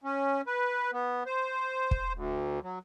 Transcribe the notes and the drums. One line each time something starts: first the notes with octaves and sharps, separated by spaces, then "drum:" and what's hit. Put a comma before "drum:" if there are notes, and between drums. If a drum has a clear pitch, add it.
C#4
B4
B3
C5
drum: kick
D2
F#3